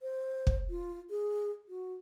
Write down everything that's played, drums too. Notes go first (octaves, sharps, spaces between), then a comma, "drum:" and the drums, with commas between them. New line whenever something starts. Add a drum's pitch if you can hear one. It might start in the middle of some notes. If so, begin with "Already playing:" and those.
C5
drum: kick
F4
G#4
F#4